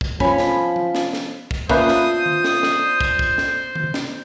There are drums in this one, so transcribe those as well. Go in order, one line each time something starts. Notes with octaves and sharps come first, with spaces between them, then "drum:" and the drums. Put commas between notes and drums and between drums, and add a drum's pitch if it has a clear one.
drum: kick
F3 C#4 B5, drum: kick
drum: snare
drum: tom
drum: snare
drum: snare
drum: kick
A#3 C#4 D4 F4 B4 C5 E5 D#6, drum: kick
drum: snare
drum: tom D#3
drum: snare
drum: snare
drum: kick
drum: kick
drum: snare
drum: tom D#3
drum: snare